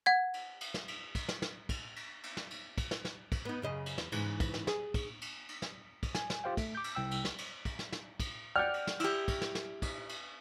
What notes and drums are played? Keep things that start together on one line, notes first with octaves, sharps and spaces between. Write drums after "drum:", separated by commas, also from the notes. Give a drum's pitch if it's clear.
F#5 G#6
drum: cymbal
drum: cymbal
drum: snare
drum: cymbal
drum: kick, cymbal
drum: snare
drum: snare
drum: kick, cymbal
drum: cymbal
drum: cymbal
drum: snare
drum: cymbal
drum: kick, cymbal
drum: snare
drum: snare
drum: kick, cymbal
B3 D#4
F#2 C#3 D#5
drum: cymbal
E2, drum: snare
G#2 C#3 E3, drum: cymbal
drum: kick, cymbal
drum: snare
G#4, drum: snare
drum: kick, cymbal
drum: cymbal
drum: cymbal
drum: snare
drum: kick, cymbal
G#5, drum: snare
drum: snare
F4 G4 C5 F5 G5
A3, drum: kick, cymbal
D6 G6
drum: cymbal
C2 G5 E6
drum: cymbal
drum: snare
drum: cymbal
drum: kick, cymbal
drum: snare
drum: snare
drum: kick, cymbal
D5 F#5 G5 F6 G6
drum: cymbal
drum: snare
E4 G4, drum: cymbal
drum: kick, cymbal
drum: snare
drum: snare
drum: kick, cymbal
drum: cymbal